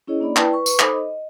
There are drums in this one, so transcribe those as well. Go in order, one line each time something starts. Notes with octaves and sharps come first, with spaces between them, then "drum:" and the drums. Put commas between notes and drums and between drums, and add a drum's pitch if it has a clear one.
C#4 E4 G#4 C#5 D#5
A#3 D4 D5 B5
E4 B4 D5 G5 A5, drum: clap
B4 C#6
drum: tambourine
D#4 A4 C5 B5 D6 D#6, drum: clap
D#5